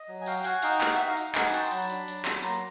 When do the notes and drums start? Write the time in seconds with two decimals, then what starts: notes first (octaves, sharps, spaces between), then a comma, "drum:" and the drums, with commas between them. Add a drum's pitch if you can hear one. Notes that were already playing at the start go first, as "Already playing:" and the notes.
Already playing: D#5
0.08 F#3
0.21 G#5
0.26 F#4 F5 G5, drum: open hi-hat
0.44 F#4 F#5 G#5, drum: hi-hat
0.62 D#4 F5 G5, drum: hi-hat
0.81 F#4 F#5, drum: clap
0.88 G5
0.95 D#4 E5 F#5
1.08 D#5 F5
1.17 D#4, drum: hi-hat
1.35 D#4 F#5 G#5, drum: clap
1.53 F#4 G5 A5, drum: open hi-hat
1.63 C6
1.71 F#3 A5 B5, drum: open hi-hat
1.90 D4, drum: hi-hat
2.08 F#3, drum: hi-hat
2.25 F#3, drum: clap
2.43 A#3 A#5 C6, drum: hi-hat